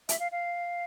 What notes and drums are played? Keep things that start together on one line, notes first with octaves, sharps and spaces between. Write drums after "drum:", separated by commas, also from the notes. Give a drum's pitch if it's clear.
E5, drum: hi-hat
F5
F5